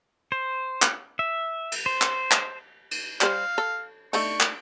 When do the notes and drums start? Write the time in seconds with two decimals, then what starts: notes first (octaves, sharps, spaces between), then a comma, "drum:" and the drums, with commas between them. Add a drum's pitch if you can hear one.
0.32 C5
0.82 drum: clap
1.19 E5
1.72 drum: cymbal
1.86 C5
2.02 drum: clap
2.31 drum: clap
2.91 drum: cymbal
3.21 G3 B4 C5 F5, drum: clap
3.58 A4
4.13 A3 D4 D#4 C#6, drum: cymbal
4.40 drum: clap